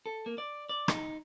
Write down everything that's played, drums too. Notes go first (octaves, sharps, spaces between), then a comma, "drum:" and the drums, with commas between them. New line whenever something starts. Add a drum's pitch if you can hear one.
A4
A#3
D5
D5
D#4, drum: rim click